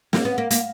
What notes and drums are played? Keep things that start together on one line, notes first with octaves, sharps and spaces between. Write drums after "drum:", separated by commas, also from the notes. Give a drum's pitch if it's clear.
A#3, drum: snare
B3
A#3
A#3, drum: hi-hat